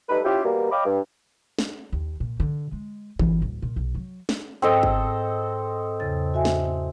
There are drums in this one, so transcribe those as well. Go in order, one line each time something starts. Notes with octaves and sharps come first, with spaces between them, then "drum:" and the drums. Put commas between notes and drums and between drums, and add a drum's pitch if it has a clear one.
G3 A3 D#4 B4
C#4 E4 F4 G4
B2 G3 A#3
C#5 D#5 F5 G5 B5 D6
G2
drum: snare
D#2
A#2
D3
G#3
E3, drum: kick G1
D1
A#2
B1
F#3
drum: snare
G#2 C4 A4 D#5
drum: kick G1
E2 C#3 A6
F#4 E5 G#5
drum: snare